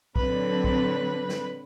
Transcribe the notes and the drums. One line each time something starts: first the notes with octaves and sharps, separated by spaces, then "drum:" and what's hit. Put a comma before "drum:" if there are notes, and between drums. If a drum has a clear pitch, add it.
D3 F#3 C4 B4, drum: kick
drum: kick
drum: snare